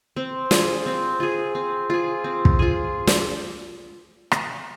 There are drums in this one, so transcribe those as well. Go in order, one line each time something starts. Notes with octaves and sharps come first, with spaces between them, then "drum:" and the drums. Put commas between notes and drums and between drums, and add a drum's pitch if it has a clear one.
C4
F4 G#4, drum: snare
C4
F4 G#4
C4
F4 G#4
C4
drum: kick
F4 G#4
drum: snare
drum: rim click